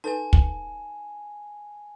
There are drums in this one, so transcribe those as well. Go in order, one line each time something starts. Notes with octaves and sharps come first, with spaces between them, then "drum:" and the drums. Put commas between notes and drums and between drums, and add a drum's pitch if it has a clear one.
D#4 A4 B4 G#5 A5
drum: kick